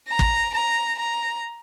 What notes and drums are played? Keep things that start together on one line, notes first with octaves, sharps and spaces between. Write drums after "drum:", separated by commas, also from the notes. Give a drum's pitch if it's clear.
A#5
drum: kick
A#5
A#5